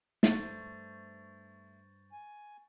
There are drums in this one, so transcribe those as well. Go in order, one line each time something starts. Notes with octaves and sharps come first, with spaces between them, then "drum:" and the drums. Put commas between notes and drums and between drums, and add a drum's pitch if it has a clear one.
G2 A3 C5 C#6 G6 A6, drum: snare
G#5